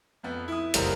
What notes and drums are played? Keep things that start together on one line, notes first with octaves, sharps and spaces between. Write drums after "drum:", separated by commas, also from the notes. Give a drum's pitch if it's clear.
F2 B3
E4 D#6
F#1 F2 G3 C4 A#4 A#5, drum: hi-hat